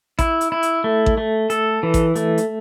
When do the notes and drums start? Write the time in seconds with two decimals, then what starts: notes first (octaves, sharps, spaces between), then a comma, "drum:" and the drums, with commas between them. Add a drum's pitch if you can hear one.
0.19 E4, drum: kick A1, hi-hat
0.41 drum: hi-hat
0.52 E4
0.63 drum: hi-hat
0.84 A3
1.06 drum: kick A1
1.18 A3
1.50 A4, drum: hi-hat
1.83 E3
1.94 drum: kick A1, hi-hat
2.15 A3, drum: hi-hat
2.38 drum: hi-hat